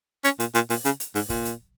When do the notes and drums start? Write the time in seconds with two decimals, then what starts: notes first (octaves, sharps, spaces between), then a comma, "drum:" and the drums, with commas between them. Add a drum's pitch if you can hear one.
0.24 C#4, drum: hi-hat
0.40 A#2, drum: hi-hat
0.54 A#2, drum: hi-hat
0.70 A#2, drum: open hi-hat
0.85 C#3, drum: hi-hat
1.00 drum: hi-hat
1.15 G#2, drum: open hi-hat
1.29 A#2, drum: kick, open hi-hat
1.45 drum: hi-hat